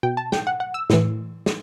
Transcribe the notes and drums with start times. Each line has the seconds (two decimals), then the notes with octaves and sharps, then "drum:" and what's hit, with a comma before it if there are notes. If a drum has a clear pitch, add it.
0.03 B2 G5
0.17 A5
0.32 G5, drum: snare
0.47 F#5
0.60 F#5
0.74 E6
0.90 A2 E3, drum: snare
1.46 drum: snare